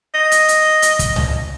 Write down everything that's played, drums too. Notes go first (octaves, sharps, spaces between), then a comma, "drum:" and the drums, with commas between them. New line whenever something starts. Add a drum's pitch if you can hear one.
D#5
drum: hi-hat
drum: hi-hat
drum: hi-hat
drum: kick, hi-hat
drum: tom